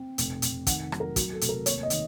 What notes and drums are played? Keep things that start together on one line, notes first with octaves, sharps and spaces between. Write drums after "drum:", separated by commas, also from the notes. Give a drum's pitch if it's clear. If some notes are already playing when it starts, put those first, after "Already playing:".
Already playing: C4
F1, drum: hi-hat
F1, drum: hi-hat
D#3 F#5, drum: kick, hi-hat
F#3, drum: rim click
A#4
F#3 F#4, drum: kick, hi-hat
A4
F1, drum: hi-hat
A#4
D#2 C#5, drum: hi-hat
D#5
D#3, drum: hi-hat